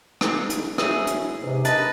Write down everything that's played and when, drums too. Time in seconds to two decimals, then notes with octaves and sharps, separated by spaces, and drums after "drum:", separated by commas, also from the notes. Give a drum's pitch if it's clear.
0.21 drum: rim click
0.50 drum: hi-hat
0.78 F#3 E4 F#4 G#4, drum: rim click
1.07 drum: hi-hat
1.43 E2 G#2 C3
1.65 A#4 B4 D#5 A5, drum: hi-hat